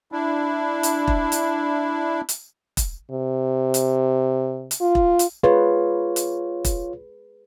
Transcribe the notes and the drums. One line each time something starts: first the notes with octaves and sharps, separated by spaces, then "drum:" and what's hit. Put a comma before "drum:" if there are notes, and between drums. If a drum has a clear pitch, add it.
D4 E4
drum: hi-hat
drum: kick E1
drum: hi-hat
drum: hi-hat
drum: kick E1, hi-hat
C3
drum: hi-hat
drum: hi-hat
F4
drum: kick E1
drum: hi-hat
F4 G#4 B4 C#5
drum: hi-hat
drum: kick E1, hi-hat